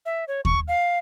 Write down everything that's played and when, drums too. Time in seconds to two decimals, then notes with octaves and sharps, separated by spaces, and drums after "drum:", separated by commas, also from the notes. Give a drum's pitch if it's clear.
0.06 E5
0.28 C#5
0.45 C#6, drum: kick D#2
0.68 F5